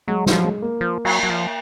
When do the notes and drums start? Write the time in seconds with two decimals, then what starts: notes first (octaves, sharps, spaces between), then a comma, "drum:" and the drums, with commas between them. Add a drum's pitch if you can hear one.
0.07 F#3 G#3
0.26 F#3, drum: snare
0.32 F3
0.44 G#3
0.62 A#3
0.81 F3
1.05 F#3, drum: cymbal
1.23 F#3
1.30 F3